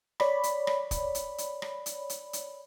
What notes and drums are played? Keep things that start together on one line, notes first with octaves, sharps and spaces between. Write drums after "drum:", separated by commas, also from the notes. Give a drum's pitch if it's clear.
C#5 D5 B5, drum: rim click
drum: hi-hat
drum: rim click
drum: kick, hi-hat
drum: hi-hat
drum: hi-hat
drum: rim click
drum: hi-hat
drum: hi-hat
drum: hi-hat